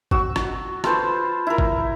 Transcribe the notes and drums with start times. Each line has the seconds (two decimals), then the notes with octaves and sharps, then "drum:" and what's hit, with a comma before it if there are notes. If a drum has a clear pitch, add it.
0.11 F#4 E6, drum: kick G1
0.36 drum: rim click
0.84 F4 A4 B4 C5, drum: rim click
1.47 E4 A#4
1.58 drum: kick G1